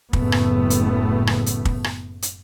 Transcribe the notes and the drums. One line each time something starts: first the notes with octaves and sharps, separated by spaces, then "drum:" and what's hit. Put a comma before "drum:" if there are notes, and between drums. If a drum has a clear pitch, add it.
F#1 A2 A3 B3, drum: kick
drum: rim click
drum: hi-hat
drum: rim click
drum: hi-hat
drum: kick
drum: rim click
drum: hi-hat